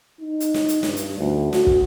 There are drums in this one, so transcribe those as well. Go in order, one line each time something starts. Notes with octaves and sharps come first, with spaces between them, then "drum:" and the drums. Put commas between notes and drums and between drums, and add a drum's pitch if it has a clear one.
D#4
drum: hi-hat
drum: snare
drum: hi-hat
G2, drum: snare
drum: hi-hat
D2
F#4, drum: snare
drum: kick